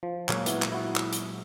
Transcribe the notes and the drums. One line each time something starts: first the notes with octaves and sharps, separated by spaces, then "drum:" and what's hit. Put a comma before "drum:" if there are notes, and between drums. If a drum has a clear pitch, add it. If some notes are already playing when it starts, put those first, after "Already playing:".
F3
A#2 F#3 G#3 A#3 C#5 F5, drum: clap
B3 E4 F#4, drum: hi-hat
drum: clap
E4 F#4
drum: clap
drum: hi-hat